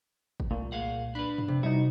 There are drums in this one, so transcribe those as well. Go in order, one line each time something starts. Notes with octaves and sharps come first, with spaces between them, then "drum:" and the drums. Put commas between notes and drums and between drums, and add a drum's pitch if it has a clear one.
drum: kick
C2 A#2 A3
G#4 F5 F#5
D4 B4 B5
drum: tom G2
F2 C3
G3 D#4 E4 F#4